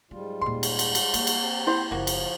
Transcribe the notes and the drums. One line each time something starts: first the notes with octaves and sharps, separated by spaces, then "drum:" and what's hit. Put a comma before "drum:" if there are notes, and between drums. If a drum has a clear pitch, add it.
G#2 F#3 G3 F4
D#1 A#2 C6
drum: cymbal
drum: cymbal
drum: cymbal
A#3, drum: cymbal
drum: cymbal
C4
E4 C5 F#5 B5
F#1 F3 A#3 F#4
drum: cymbal